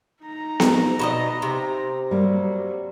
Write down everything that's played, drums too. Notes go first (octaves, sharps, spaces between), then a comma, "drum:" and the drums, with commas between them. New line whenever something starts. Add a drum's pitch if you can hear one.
D#4 A#5
drum: snare B3
B2 F#4 D#5
C3
F#3 G3 A#3